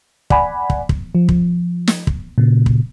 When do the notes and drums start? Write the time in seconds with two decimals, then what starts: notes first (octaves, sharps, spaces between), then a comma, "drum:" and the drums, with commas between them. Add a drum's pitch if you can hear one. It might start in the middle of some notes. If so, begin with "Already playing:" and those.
0.30 D5 F#5 G#5 B5, drum: kick
0.70 drum: kick
0.89 drum: kick
1.15 F3
1.29 drum: kick
1.87 drum: snare
2.07 drum: kick
2.38 A#2 C#3
2.66 drum: kick